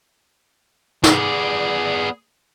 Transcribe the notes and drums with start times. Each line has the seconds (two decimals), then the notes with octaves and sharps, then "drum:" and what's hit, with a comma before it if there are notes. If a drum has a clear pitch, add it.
1.04 B3 G#4 D5, drum: snare